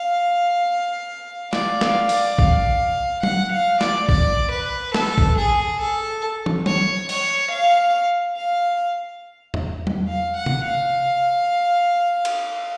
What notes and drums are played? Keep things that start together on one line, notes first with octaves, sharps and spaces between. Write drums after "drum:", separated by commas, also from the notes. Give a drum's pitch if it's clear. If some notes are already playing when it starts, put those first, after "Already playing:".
Already playing: F5
D5, drum: snare
F5, drum: snare
D5, drum: open hi-hat
F5, drum: kick A#1
F#5, drum: tom F#3
F5
D5, drum: snare
D5, drum: kick A#1
B4
A4, drum: snare
drum: kick A#1
G#4
A4
drum: tom
C#5, drum: tom F#3
C#5, drum: open hi-hat
F5
F5
drum: tom E2
drum: tom F#3
F5
F#5
drum: tom C3
F5
drum: cymbal